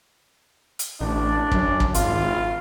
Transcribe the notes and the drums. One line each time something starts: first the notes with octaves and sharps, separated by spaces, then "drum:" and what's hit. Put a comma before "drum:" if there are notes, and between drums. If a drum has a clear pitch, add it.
drum: hi-hat
A1 D4
F#2, drum: kick
drum: kick
G#1 F4, drum: hi-hat